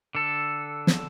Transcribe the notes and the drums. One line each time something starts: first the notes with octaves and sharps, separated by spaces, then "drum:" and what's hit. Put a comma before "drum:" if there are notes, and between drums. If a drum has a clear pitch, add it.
D3 A4
drum: snare